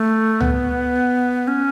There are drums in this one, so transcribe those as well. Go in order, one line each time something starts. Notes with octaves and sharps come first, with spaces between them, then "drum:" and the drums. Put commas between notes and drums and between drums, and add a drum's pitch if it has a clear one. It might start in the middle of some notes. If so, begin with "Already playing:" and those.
Already playing: A3
B3, drum: tom C#2
C#4